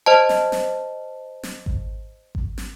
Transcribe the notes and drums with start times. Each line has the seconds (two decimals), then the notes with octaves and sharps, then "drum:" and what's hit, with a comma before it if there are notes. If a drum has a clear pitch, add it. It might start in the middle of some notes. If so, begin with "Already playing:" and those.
0.06 C5 D#5 A5
0.29 drum: snare
0.52 drum: snare
1.43 drum: snare
1.66 drum: kick G#1
2.35 drum: kick G#1
2.58 drum: snare